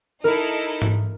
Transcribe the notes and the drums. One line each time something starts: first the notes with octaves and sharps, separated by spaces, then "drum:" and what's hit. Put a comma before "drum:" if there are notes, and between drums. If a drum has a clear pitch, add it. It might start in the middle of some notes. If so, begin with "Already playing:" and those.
D#4 E4 A4 A#4
drum: tom G#2